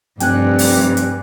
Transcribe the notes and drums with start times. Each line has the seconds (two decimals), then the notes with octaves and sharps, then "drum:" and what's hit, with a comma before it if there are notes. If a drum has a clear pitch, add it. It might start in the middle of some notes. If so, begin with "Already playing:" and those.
0.20 F1 G2 G5 G#5 F#6, drum: hi-hat
0.59 drum: open hi-hat
0.97 drum: hi-hat